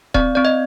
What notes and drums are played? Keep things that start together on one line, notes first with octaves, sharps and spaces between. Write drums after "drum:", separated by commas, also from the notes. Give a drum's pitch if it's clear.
C4 D5, drum: kick D#1
C4 D5
D#5